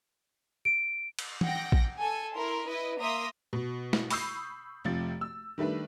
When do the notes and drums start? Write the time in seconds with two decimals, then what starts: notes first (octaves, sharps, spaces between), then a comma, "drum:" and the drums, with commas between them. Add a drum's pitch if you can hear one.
0.65 D7
1.19 drum: cymbal
1.41 F#5 G5 A#6, drum: tom E3
1.72 drum: kick
2.00 A4 G#5
2.34 E4 A#4 C6
2.68 E4 B4 D#5
2.99 A#3 E5 A#5 C6 D#6 A#6
3.53 B2
3.93 drum: snare
4.10 B5 C#6 D#6 E6 G6 C7, drum: open hi-hat
4.84 F1 C3 F3 A6
5.21 E6
5.58 D#3 G3 A3 D4 B4